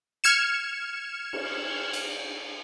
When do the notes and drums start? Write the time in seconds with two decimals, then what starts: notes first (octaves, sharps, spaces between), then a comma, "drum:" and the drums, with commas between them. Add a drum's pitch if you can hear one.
0.24 F6 G#6 C#7 E7
1.33 drum: cymbal
1.93 drum: cymbal